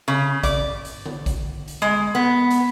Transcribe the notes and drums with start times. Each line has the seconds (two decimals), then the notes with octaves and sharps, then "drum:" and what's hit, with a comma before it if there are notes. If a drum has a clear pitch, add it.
0.08 C#3
0.43 D5, drum: kick A1, hi-hat
0.85 drum: hi-hat
1.06 drum: tom D3
1.26 drum: kick A1, hi-hat
1.68 drum: hi-hat
1.82 G#3
2.15 B3
2.50 drum: hi-hat